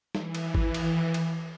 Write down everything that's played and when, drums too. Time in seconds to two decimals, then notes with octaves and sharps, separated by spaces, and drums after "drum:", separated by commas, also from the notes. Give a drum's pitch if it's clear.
0.15 E3, drum: snare
0.35 drum: cymbal
0.55 drum: kick G#1
0.74 drum: cymbal
1.14 drum: cymbal